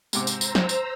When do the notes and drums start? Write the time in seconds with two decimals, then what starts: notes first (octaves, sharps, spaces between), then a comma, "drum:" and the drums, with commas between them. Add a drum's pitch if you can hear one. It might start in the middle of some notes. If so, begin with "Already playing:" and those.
0.13 G#2 C3 C5 A#5 D6 E6, drum: tambourine
0.27 drum: tambourine
0.41 drum: tambourine
0.55 drum: snare
0.69 drum: tambourine